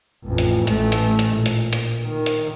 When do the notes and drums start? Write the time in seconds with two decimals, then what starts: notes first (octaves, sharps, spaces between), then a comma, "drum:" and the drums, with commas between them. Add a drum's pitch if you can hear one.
0.25 A1 F2
0.38 drum: hi-hat
0.67 A1 A3, drum: hi-hat
0.92 drum: hi-hat
1.19 drum: hi-hat
1.36 A#2
1.46 drum: hi-hat
1.73 drum: hi-hat
2.05 D#3
2.26 drum: hi-hat